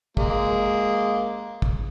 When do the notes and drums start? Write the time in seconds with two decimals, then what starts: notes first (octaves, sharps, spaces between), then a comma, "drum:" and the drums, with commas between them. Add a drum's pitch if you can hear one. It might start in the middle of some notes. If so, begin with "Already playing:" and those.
0.17 G#3 A#3, drum: kick
1.62 drum: kick